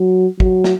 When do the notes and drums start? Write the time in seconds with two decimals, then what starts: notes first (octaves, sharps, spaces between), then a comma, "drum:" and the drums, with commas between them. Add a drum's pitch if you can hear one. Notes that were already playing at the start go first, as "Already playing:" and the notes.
Already playing: F#3
0.40 F#3, drum: kick
0.64 drum: snare